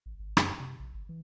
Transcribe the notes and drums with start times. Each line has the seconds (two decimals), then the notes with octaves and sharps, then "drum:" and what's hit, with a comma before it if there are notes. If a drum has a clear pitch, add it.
0.06 A1
0.19 G#1
0.37 F#2, drum: rim click
0.60 C3
0.80 A#1
0.94 G#1
1.09 E3